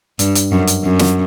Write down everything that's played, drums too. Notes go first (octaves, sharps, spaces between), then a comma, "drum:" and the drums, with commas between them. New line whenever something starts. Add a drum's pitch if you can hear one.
G2, drum: hi-hat
drum: hi-hat
F#2
drum: hi-hat
F#2
drum: snare